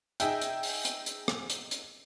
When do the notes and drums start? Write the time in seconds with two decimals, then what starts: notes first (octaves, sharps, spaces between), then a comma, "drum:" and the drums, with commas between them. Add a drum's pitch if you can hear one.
0.20 D#4 G#4 E5 G5, drum: hi-hat
0.41 drum: hi-hat
0.63 drum: open hi-hat
0.85 drum: hi-hat
1.06 drum: hi-hat
1.28 drum: rim click
1.50 drum: hi-hat
1.71 drum: hi-hat